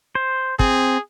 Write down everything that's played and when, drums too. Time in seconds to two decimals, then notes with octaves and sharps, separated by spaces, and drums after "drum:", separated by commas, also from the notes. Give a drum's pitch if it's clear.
0.15 C5
0.59 C4 G#4, drum: kick